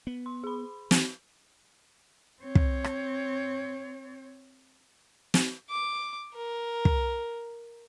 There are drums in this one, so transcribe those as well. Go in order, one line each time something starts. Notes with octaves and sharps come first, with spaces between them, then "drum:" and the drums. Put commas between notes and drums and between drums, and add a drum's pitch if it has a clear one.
B3
C6
G#4 B5
E3, drum: snare
C4 C#5
drum: kick
drum: rim click
drum: snare
D6
A#4
drum: kick